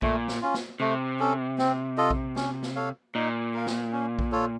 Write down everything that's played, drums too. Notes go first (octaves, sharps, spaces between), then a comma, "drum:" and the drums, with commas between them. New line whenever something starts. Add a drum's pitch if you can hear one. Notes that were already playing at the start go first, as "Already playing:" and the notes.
A#2 A3, drum: kick A#1
drum: snare
C#4 F4
drum: snare
C3 A3
C#4 A4
C4, drum: snare
F4 A4 D#5
drum: kick A#1
C#4, drum: snare
drum: snare
A4 C#5 F5
A#2 D#4
A#4 F5
drum: snare
C#4
drum: kick A#1
F4 A4 C#5